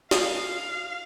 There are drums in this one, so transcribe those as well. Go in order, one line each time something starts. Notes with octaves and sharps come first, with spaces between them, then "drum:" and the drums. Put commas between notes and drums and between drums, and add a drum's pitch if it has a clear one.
F5, drum: snare